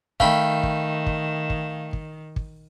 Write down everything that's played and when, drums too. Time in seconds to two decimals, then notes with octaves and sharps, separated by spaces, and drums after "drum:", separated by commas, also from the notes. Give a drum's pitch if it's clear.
0.20 D#3 A3 F5 G5 B5, drum: kick
0.63 drum: kick
1.07 drum: kick
1.50 drum: kick
1.93 drum: kick
2.36 drum: kick